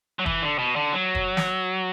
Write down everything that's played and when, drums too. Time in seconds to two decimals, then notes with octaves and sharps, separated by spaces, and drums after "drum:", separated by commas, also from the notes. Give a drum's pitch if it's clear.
0.19 F#3
0.26 E3, drum: kick
0.43 D3
0.59 B2
0.76 D3
0.93 F#3
1.15 drum: kick
1.37 drum: snare